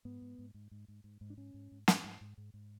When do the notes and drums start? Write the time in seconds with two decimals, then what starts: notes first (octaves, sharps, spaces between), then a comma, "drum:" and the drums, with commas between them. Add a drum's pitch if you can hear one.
0.05 G#2 B3
0.21 G#2
0.38 G#2
0.54 G#2
0.71 G#2
0.88 G#2
1.04 G#2
1.21 G#2
1.30 D4
1.37 G#2 C#4
1.54 G#2
1.72 G#2
1.88 G#2, drum: snare
2.04 G#2
2.21 G#2
2.38 G#2
2.54 G#2